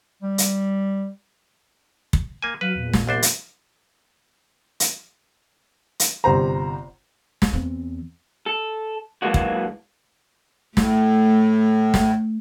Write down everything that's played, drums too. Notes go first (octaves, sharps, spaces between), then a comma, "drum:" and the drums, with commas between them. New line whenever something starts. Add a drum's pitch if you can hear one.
G3
drum: hi-hat
drum: kick
A#3 G#5
F#3 B4 F5
E2 A#2
drum: snare
C2 D4 C5
drum: hi-hat
drum: hi-hat
drum: hi-hat
G1 C3 C5 A#5
drum: snare
E2 C4
A4
E3 F#3 G#3 A#3 D4 F#4
drum: kick
A2 A3, drum: snare
drum: snare